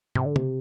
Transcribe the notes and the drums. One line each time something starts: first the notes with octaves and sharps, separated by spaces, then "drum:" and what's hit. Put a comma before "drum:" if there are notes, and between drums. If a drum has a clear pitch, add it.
C3, drum: tom
D3
C3, drum: tom